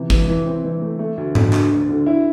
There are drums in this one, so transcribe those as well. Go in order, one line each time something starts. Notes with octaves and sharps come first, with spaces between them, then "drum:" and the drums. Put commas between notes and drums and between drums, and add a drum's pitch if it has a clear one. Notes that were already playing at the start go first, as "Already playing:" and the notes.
Already playing: C3 E3
E3, drum: kick
E3
C4
E3
A3
A3
D2
D3, drum: tom G#2
D2, drum: clap
D2
D3
E4